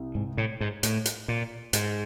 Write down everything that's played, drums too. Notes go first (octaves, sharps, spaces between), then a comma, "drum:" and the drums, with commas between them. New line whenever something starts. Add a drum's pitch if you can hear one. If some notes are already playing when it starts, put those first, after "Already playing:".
Already playing: C2
G#2
A2
G#2
A2, drum: hi-hat
drum: hi-hat
A#2
G#2, drum: hi-hat